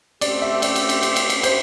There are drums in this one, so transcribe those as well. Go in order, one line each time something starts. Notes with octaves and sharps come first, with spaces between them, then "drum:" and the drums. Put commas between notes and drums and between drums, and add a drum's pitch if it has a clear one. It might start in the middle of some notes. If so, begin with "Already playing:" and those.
A3 C4 G4 D5, drum: cymbal
E5
D5, drum: cymbal
drum: cymbal
drum: cymbal
drum: cymbal
drum: cymbal
drum: cymbal
C5, drum: cymbal